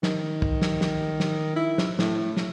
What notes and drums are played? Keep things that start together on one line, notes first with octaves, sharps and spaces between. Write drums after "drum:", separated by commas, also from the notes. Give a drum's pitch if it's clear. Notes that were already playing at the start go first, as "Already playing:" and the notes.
D#3, drum: snare
drum: kick
drum: snare
drum: snare
drum: snare
E4
drum: snare
A2, drum: snare
drum: snare